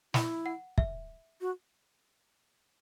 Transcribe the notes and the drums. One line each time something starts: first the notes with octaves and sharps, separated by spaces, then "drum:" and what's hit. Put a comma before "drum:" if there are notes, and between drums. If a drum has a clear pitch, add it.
E4 B5, drum: snare
F#5
E5, drum: kick
F#4